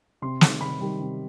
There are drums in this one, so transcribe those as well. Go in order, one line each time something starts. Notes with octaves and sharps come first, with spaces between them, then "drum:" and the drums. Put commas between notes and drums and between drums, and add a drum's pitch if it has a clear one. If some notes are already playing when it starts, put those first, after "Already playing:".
C3 C6
D#3 G3, drum: snare
C3 B5
D#3 G3
C3